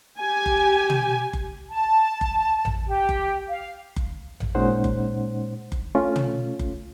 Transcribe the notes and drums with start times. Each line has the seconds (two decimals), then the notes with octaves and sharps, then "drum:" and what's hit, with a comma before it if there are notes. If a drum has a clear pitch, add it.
0.20 G4 G#5
0.46 drum: kick F#1
0.90 drum: tom
1.33 drum: kick F#1
1.70 A5
2.21 drum: kick F#1
2.65 drum: tom A1
2.87 G4
3.09 drum: kick F#1
3.49 F5
3.96 drum: kick F#1
4.40 drum: tom A1
4.55 A#2 G#3 C#4 D#4 C5 F#5
4.84 drum: kick F#1
5.72 drum: kick F#1
5.95 A3 C#4 F4
6.16 drum: tom
6.59 drum: kick F#1